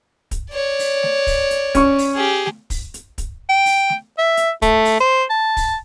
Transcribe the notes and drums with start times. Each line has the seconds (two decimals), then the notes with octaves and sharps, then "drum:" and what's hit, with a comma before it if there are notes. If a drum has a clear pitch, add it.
0.31 drum: kick, hi-hat
0.51 C#5 D5
0.79 drum: open hi-hat
1.03 drum: snare A3
1.27 drum: kick, open hi-hat
1.51 drum: hi-hat
1.75 C#4 C#6, drum: kick, hi-hat
1.98 drum: open hi-hat
2.15 G4 G#4
2.46 drum: snare A3
2.70 drum: kick, open hi-hat
2.94 drum: hi-hat
3.18 drum: kick, hi-hat
3.50 G5
3.66 drum: open hi-hat
3.89 drum: snare A3
4.18 E5
4.37 drum: hi-hat
4.62 A3, drum: kick, hi-hat
4.85 drum: open hi-hat
5.00 C5
5.30 A5
5.57 drum: kick, open hi-hat